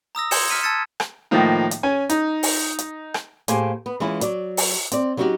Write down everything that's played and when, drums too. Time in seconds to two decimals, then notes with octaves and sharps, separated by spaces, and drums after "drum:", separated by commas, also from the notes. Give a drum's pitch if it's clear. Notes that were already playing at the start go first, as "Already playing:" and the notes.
0.15 A#5 D#6 E6 A#6
0.31 C6 G6 G#6 C#7 E7, drum: open hi-hat
0.50 F6 B6 D#7
0.63 A5 E6 G#6 A6 C#7 E7
1.00 drum: rim click
1.31 A2 D#3 F3 A#3 D#4
1.71 drum: hi-hat
1.83 C#4 G#5
2.09 D#4, drum: hi-hat
2.43 drum: open hi-hat
2.79 drum: hi-hat
3.14 drum: rim click
3.48 A2 A#3 G4 G#4 C5 G#5, drum: hi-hat
3.86 B3
4.00 E3 G#3 C#4 E4 F4
4.21 F#3 D5, drum: hi-hat
4.57 drum: open hi-hat
4.92 C4 D5, drum: hi-hat
5.17 F#3 B3 C#4 D#4 F#4 G4